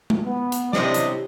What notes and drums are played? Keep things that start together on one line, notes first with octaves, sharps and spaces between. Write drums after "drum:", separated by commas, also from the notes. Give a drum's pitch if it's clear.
drum: tom G#3
B3
drum: hi-hat
C3 G3 C#4 D4 E4 D#5, drum: snare
drum: hi-hat